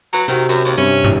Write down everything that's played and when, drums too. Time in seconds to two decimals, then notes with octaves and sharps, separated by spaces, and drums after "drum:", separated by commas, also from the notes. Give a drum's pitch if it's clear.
0.13 F#3 B4 A#5, drum: hi-hat
0.28 C3 D#3 C4 F#4, drum: hi-hat
0.49 F#2, drum: hi-hat
0.65 D#2, drum: hi-hat
0.77 G2 C3 C#4
1.04 drum: tom